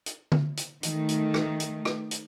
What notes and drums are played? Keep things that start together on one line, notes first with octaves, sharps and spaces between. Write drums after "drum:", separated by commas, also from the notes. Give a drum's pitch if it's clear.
drum: hi-hat
drum: tom D3
drum: hi-hat
D#3 A3, drum: hi-hat
drum: hi-hat
drum: rim click
drum: hi-hat
drum: rim click
drum: hi-hat